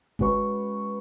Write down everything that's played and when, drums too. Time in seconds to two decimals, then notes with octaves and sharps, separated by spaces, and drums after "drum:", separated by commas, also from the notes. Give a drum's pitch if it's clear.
0.19 G#3 C#4 F#4 B4 C#6, drum: kick G1